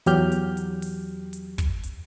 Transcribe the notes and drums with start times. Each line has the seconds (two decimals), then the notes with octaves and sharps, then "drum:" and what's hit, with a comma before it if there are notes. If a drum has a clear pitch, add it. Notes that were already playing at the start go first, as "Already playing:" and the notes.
0.06 E2 F#3 G4 F6 G6, drum: hi-hat
0.32 drum: hi-hat
0.57 drum: hi-hat
0.82 drum: open hi-hat
1.33 drum: hi-hat
1.58 drum: kick, hi-hat
1.83 drum: hi-hat